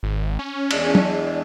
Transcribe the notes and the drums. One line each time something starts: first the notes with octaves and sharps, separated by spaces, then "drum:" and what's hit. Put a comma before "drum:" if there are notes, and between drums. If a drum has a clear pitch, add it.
G#1
C#4
E2 G#3 D4, drum: cymbal
drum: tom F#3